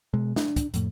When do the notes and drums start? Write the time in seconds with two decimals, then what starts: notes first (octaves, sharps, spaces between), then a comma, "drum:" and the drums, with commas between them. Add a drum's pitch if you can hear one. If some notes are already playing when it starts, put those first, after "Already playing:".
0.14 B2 G#3
0.36 D4, drum: snare
0.56 drum: kick, hi-hat
0.74 F2 A2, drum: hi-hat